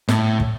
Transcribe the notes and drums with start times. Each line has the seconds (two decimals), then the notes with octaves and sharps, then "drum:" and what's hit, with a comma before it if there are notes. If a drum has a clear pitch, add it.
0.08 A2, drum: snare
0.40 drum: kick